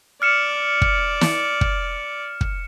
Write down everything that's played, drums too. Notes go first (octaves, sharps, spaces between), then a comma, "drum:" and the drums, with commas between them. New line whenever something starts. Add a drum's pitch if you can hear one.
D5 F6 C#7 E7
drum: kick
drum: snare
drum: kick
drum: kick